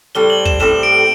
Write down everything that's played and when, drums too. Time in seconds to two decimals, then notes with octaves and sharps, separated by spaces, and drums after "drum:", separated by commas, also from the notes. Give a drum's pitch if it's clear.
0.15 A2 G3 C4 G7
0.30 F#7
0.45 E7, drum: kick
0.60 A2 G3 C4 E7
0.83 D7